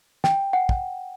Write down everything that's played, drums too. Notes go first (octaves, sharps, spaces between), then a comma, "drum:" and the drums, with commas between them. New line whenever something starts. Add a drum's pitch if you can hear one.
G5, drum: snare
F#5
drum: kick